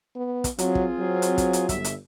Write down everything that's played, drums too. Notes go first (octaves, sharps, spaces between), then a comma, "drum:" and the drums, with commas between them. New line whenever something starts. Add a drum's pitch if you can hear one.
B3
drum: kick, hi-hat
F#3 C4 F4 G#4, drum: hi-hat
drum: kick
F#3
drum: hi-hat
drum: kick, hi-hat
drum: hi-hat
G1 E5, drum: kick, hi-hat
drum: hi-hat